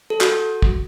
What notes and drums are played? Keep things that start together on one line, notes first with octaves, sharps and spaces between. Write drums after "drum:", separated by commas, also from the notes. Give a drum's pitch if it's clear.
A4
F#4, drum: clap
drum: kick